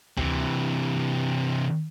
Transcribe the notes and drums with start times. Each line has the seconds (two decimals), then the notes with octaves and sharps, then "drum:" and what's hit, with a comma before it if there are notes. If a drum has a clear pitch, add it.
0.17 C3 E3, drum: tom D2